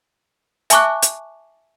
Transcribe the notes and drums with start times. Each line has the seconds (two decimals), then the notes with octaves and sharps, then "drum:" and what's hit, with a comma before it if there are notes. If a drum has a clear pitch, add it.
0.70 E5 G#5 A5 C#6 D6 F#6, drum: hi-hat
1.02 drum: hi-hat